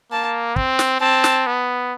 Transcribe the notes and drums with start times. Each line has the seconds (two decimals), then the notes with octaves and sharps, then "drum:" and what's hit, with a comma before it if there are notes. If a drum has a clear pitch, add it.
0.12 A#3 A5
0.56 C4, drum: kick
0.79 drum: snare
1.01 C4 A5
1.24 drum: snare
1.47 B3